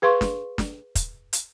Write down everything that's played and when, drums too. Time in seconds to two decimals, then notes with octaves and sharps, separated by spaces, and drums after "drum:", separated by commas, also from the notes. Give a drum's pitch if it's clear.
0.02 G#4 B4 F5 C6 C#6
0.21 drum: snare
0.58 drum: snare
0.95 drum: kick, hi-hat
1.33 drum: hi-hat